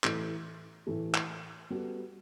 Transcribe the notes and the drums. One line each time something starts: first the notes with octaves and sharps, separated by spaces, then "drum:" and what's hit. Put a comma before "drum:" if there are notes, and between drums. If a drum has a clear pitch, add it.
A2 E3 A3, drum: clap
A2 E3 A3
drum: clap
G3 B3 F#4 A4